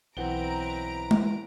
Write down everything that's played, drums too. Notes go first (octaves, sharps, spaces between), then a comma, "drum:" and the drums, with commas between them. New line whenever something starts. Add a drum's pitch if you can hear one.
B1 E3 C4 B4 F#5 A#5 D7 G7
drum: tom G#3